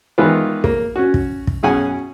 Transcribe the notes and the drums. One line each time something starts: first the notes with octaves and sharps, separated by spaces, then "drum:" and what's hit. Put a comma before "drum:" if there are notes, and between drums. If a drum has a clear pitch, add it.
D#3 E3 G#3 B3 F4 B4
A#3, drum: kick
C#4 F#4
drum: kick
drum: kick
F#2 B2 C#4 G#4 F#5 G#5